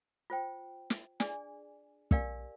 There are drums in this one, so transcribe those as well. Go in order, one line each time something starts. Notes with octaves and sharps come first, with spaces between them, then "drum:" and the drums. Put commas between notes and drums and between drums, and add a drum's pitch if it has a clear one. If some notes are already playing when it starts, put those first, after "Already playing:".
F4 C5 G5
drum: snare
D4 G#4 D5 G#5, drum: snare
G4 A#4 D5 F5 G#5, drum: kick